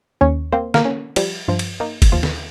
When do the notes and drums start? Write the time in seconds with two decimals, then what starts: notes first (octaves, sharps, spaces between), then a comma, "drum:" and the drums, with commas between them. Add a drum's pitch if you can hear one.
0.21 D#2 C#4 C#5
0.52 A#3 C4 C5
0.74 A#3 A#4, drum: snare
0.85 C#4
1.16 F3 G3 G4, drum: cymbal
1.48 G2 F3 F4
1.59 drum: cymbal
1.80 A#3 D#4
2.02 drum: kick, cymbal
2.12 D#2 F3 F4
2.23 drum: snare